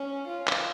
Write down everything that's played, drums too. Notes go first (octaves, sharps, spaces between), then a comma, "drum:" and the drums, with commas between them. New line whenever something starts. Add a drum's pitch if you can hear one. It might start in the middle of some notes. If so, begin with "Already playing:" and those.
Already playing: C#4
F4
drum: clap